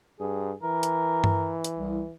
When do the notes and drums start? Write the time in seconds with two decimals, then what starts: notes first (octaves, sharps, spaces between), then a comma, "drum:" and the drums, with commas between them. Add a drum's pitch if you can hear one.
0.20 G2 G#4
0.63 E3 A#4
0.83 drum: hi-hat
1.24 drum: tom G2
1.64 drum: hi-hat
1.78 C2